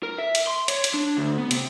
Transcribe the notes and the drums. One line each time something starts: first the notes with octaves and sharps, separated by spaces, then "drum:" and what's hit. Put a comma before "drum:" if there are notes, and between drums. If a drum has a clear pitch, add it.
A#4
E5
drum: hi-hat
C6
C#5, drum: hi-hat
drum: hi-hat
D4
D2
B3
C3, drum: hi-hat